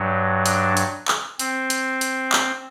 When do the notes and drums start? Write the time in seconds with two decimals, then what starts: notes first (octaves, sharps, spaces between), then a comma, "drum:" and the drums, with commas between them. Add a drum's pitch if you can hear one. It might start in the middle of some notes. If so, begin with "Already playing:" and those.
Already playing: G2 F#3
0.46 D4, drum: hi-hat
0.77 drum: hi-hat
1.08 drum: clap
1.39 C4, drum: hi-hat
1.70 drum: hi-hat
2.01 drum: hi-hat
2.32 drum: clap